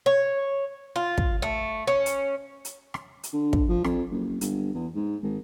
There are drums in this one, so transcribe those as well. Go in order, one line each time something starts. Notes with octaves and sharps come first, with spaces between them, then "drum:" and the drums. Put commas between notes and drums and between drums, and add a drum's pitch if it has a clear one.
C#5
F4
drum: kick
A3
C#4
drum: hi-hat
drum: hi-hat
drum: rim click
drum: hi-hat
D3
drum: kick
F3
F2, drum: rim click
F#1
G1, drum: hi-hat
E2
G#2
G#1